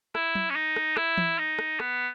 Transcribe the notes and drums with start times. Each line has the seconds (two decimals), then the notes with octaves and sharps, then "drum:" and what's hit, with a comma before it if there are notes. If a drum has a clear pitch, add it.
0.15 E4, drum: rim click
0.35 drum: tom
0.50 C#4
0.55 D#4
0.76 drum: rim click
0.97 E4, drum: rim click
1.18 drum: tom E3
1.39 D#4
1.59 drum: rim click
1.80 B3, drum: rim click